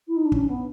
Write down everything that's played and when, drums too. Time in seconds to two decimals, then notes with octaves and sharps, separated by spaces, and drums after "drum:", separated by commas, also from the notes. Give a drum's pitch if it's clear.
0.07 E4
0.16 D#4
0.24 D4
0.32 C#4, drum: kick
0.48 B3